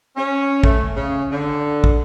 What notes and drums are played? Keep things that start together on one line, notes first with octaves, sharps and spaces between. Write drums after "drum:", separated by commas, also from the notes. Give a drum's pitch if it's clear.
C#4
A3, drum: kick
C#3
D3
drum: kick